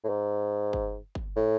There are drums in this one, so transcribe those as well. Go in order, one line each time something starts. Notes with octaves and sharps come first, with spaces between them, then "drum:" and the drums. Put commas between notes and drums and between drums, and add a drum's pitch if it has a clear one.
A2
G#2
drum: kick G1
drum: kick G1
A2